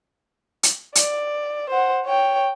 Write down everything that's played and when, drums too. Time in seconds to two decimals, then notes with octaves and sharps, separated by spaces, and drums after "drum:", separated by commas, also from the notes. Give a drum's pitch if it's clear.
0.63 drum: hi-hat
0.95 D5, drum: hi-hat
1.70 C5 F#5
2.07 C#5 G5